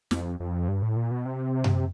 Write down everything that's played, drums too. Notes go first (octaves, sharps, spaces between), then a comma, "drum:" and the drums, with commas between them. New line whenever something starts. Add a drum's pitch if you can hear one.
F2, drum: snare
F2
G2
A2
A#2
B2
C3
drum: tom F#2